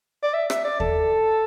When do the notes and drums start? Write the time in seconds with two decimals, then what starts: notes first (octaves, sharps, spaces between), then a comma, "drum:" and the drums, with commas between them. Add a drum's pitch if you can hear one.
0.23 D5
0.34 E5
0.50 E5, drum: rim click
0.64 D5
0.80 A4, drum: kick D#2